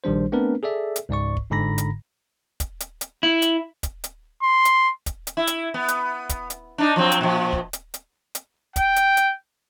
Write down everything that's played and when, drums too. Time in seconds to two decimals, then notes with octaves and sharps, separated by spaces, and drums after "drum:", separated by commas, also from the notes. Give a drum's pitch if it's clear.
0.04 A#1 D#3 G3 D4 C5
0.32 A3 B3 C4 D4 A#4 B4
0.63 G#4 A4 D5 E5
0.96 drum: hi-hat
1.09 C#2 G#2 D5 C#6
1.37 drum: kick
1.50 G1 G#2 D3 A#5 B5 A#6
1.78 drum: hi-hat
2.60 drum: kick, hi-hat
2.80 drum: hi-hat
3.01 drum: hi-hat
3.23 E4
3.42 drum: hi-hat
3.83 drum: kick, hi-hat
4.04 drum: hi-hat
4.43 C6
4.65 drum: hi-hat
5.06 drum: kick, hi-hat
5.27 drum: hi-hat
5.37 E4
5.47 drum: hi-hat
5.74 B3
5.88 drum: hi-hat
6.29 drum: kick, hi-hat
6.50 drum: hi-hat
6.78 D4 D#4
6.96 F3 F#3 C4
7.12 drum: hi-hat
7.21 A#2 F3
7.53 drum: kick
7.73 drum: hi-hat
7.94 drum: hi-hat
8.35 drum: hi-hat
8.76 G5, drum: kick, hi-hat
8.96 drum: hi-hat
9.17 drum: hi-hat